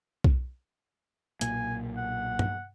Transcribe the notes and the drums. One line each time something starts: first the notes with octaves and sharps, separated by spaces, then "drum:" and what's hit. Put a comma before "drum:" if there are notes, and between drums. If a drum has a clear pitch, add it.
drum: kick B1
B1 A#2 A#3 G#5, drum: hi-hat
F#5
drum: tom G2